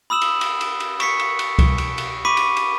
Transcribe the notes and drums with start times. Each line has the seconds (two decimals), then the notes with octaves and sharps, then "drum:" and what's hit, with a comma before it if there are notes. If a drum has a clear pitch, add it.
0.10 B5 D#6 E6 E7 F#7
0.21 drum: cymbal
0.41 drum: cymbal
0.61 drum: cymbal
0.80 drum: cymbal
1.00 C#6 B6 C#7, drum: cymbal
1.19 drum: cymbal
1.39 drum: cymbal
1.59 drum: kick, cymbal
1.78 drum: cymbal
1.98 drum: cymbal
2.25 B5 C#6 D6 B6 D#7
2.37 drum: cymbal
2.57 drum: cymbal